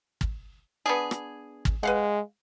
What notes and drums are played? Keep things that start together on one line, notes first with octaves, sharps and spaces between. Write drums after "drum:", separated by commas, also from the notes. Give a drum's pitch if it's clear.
drum: kick
B3 D4 G#4
drum: rim click
drum: kick
G#3 B4 F5 F#5